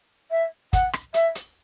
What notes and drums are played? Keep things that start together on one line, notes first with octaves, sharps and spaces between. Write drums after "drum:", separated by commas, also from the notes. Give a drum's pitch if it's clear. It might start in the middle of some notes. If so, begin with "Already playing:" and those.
E5
F#5, drum: kick, hi-hat
drum: rim click
E5, drum: hi-hat
drum: hi-hat